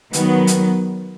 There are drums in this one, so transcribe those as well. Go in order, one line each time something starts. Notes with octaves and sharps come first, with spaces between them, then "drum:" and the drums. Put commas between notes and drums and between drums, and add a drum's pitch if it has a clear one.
D#3 F#3 B3, drum: hi-hat
drum: hi-hat